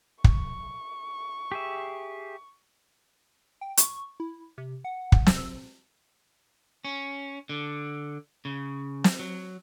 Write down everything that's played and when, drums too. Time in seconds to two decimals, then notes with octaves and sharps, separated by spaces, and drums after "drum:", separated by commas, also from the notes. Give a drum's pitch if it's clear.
0.24 C#6, drum: kick
1.52 G4 G#4 E5
3.61 G5
3.77 C#6, drum: hi-hat
4.20 E4
4.58 C3
4.85 F#5
5.12 drum: kick
5.26 E6, drum: snare
6.85 C#4
7.49 D3
8.45 C#3
9.04 drum: snare
9.19 F#3